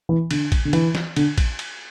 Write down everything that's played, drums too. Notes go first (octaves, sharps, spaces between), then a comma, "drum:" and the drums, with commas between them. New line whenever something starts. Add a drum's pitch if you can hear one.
E3
D3, drum: cymbal
drum: kick A1, cymbal
D3
E3, drum: cymbal
drum: snare
D3, drum: cymbal
drum: kick A1, cymbal
drum: cymbal